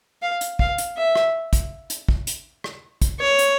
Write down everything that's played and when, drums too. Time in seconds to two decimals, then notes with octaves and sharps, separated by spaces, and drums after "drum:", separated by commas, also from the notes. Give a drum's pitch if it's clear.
0.22 F5
0.41 drum: hi-hat
0.59 F5, drum: kick
0.78 drum: hi-hat
0.97 E5
1.15 drum: rim click
1.53 drum: kick, hi-hat
1.90 drum: hi-hat
2.09 drum: kick
2.27 drum: hi-hat
2.64 drum: rim click
3.02 drum: kick, hi-hat
3.20 C#5
3.39 drum: hi-hat